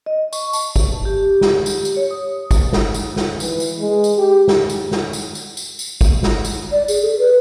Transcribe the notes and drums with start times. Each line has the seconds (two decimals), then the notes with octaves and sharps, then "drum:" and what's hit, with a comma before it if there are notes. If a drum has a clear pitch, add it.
0.06 D#5
0.33 C#6, drum: tambourine
0.53 A5, drum: tambourine
0.76 drum: kick, tambourine
1.05 G4
1.41 drum: snare
1.66 G4, drum: tambourine
1.85 drum: tambourine
1.97 C#5
2.11 D#6
2.51 drum: kick, tambourine
2.73 drum: snare
2.94 drum: tambourine
3.16 drum: snare
3.40 E3, drum: tambourine
3.60 drum: tambourine
3.79 G#3
4.04 drum: tambourine
4.18 G4
4.48 drum: snare
4.69 drum: tambourine
4.91 drum: snare
5.13 drum: tambourine
5.35 drum: tambourine
5.57 drum: tambourine
5.79 drum: tambourine
6.01 drum: kick, tambourine
6.23 drum: snare
6.45 drum: tambourine
6.72 D5
6.88 G#4, drum: tambourine
7.02 A4
7.19 B4